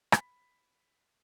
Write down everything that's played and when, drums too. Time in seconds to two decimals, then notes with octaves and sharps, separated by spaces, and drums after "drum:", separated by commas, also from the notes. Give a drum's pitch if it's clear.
0.12 B5 B6, drum: rim click